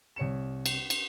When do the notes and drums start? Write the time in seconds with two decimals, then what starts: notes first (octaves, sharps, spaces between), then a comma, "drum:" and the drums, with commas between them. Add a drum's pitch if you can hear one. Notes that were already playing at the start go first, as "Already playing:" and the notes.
0.16 C2 C#5 C#7 E7
0.66 drum: cymbal
0.90 drum: cymbal